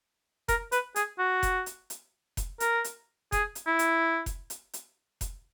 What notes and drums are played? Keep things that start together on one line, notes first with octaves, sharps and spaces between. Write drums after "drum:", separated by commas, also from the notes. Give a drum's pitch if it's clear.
A#4, drum: kick F1, hi-hat
B4, drum: hi-hat
G#4, drum: hi-hat
F#4
drum: kick F1, hi-hat
drum: hi-hat
drum: hi-hat
drum: kick F1, hi-hat
A#4, drum: hi-hat
drum: hi-hat
G#4, drum: kick F1, hi-hat
drum: hi-hat
E4
drum: hi-hat
drum: kick F1, hi-hat
drum: hi-hat
drum: hi-hat
drum: kick F1, hi-hat